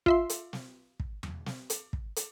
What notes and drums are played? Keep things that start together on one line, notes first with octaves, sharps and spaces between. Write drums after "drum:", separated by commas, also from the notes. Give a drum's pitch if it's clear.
F4 E5 C6, drum: kick
drum: hi-hat
drum: snare
drum: kick
drum: tom E2
drum: snare
drum: hi-hat
drum: kick
drum: hi-hat